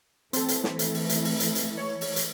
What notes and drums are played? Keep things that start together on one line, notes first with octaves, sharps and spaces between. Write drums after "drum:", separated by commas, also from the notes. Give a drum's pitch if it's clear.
E3 A3 C4 A4, drum: hi-hat
drum: hi-hat
drum: snare
drum: hi-hat
drum: open hi-hat
drum: hi-hat
drum: open hi-hat
drum: hi-hat
drum: hi-hat
C#5
drum: open hi-hat
drum: hi-hat